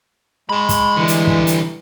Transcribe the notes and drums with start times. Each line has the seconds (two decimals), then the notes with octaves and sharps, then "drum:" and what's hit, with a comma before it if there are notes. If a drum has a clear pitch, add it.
0.49 G#3 A5 B5
0.69 drum: kick, hi-hat
0.97 D3 E3 G3
1.08 drum: hi-hat
1.27 drum: kick
1.47 drum: hi-hat